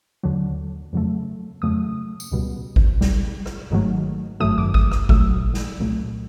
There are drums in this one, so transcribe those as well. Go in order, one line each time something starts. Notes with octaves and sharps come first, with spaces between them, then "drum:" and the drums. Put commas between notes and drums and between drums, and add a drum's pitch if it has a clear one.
D#2 D3 F#3
F2 C#3 F#3 A3
F2 C#3 F#3 A3 D#6
drum: tambourine
C#2 B2 G3
drum: kick G#1
C#2 B2 G3, drum: snare
drum: rim click
G#1 G#2 D#3 F#3 A3
G#1 G#2 D#3 F#3 A3 D#6
D6, drum: tom F#2
D#6, drum: kick G#1
D#6, drum: rim click
C2 A#2 F#3 A3 E6, drum: kick G#1
drum: snare
C2 A#2 F#3 A3